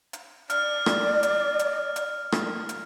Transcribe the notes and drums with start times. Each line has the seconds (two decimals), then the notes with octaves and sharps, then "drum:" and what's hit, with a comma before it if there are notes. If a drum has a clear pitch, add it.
0.13 drum: hi-hat
0.50 D5 F6, drum: hi-hat
0.86 drum: rim click
1.23 drum: hi-hat
1.59 drum: hi-hat
1.96 drum: hi-hat
2.32 drum: rim click
2.69 drum: hi-hat